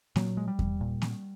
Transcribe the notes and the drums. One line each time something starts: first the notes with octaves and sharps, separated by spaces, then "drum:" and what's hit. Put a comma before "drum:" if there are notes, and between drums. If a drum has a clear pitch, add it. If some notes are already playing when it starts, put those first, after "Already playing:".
A#2 F#3, drum: snare A#3
G#3
G3
drum: kick E2
A#2
drum: snare A#3